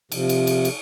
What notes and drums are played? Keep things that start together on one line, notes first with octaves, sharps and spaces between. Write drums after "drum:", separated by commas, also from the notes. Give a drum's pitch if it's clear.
C3 F3, drum: cymbal
drum: cymbal
drum: cymbal
drum: cymbal